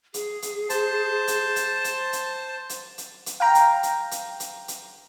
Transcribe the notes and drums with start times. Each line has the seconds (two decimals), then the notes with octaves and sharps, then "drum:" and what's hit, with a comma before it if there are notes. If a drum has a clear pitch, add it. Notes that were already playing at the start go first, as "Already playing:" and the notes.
0.14 G#4, drum: hi-hat
0.42 drum: hi-hat
0.70 C5 A5, drum: hi-hat
1.28 drum: hi-hat
1.56 drum: hi-hat
1.84 drum: hi-hat
2.13 drum: hi-hat
2.69 drum: hi-hat
2.98 drum: hi-hat
3.26 drum: hi-hat
3.40 F5 G5 A#5
3.55 drum: hi-hat
3.83 drum: hi-hat
4.11 drum: hi-hat
4.40 drum: hi-hat
4.68 drum: hi-hat